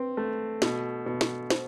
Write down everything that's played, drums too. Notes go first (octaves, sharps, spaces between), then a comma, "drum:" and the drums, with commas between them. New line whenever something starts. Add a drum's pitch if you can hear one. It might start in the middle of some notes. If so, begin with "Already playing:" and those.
Already playing: C4 B4
A3
B2, drum: snare
B2
drum: snare
C5, drum: snare